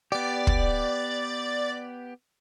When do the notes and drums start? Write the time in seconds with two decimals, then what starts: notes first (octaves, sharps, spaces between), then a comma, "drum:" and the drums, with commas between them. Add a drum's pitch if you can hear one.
0.12 B3 G4 D5
0.47 drum: kick